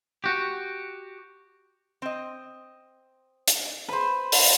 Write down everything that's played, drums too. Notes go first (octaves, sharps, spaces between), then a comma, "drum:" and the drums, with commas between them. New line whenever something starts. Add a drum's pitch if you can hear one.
F#4 G4
C4 D#5
drum: hi-hat
B4 C5 B5
drum: open hi-hat